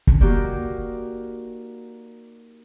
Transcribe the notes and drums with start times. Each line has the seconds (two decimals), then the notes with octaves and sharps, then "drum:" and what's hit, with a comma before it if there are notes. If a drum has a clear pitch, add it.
0.07 drum: kick
0.21 A#3 D#4 F#4 G4 D5